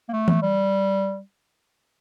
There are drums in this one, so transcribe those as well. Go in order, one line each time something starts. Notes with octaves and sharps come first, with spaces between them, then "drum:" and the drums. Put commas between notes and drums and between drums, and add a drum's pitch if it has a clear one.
A#3
A3
drum: tom E3
G3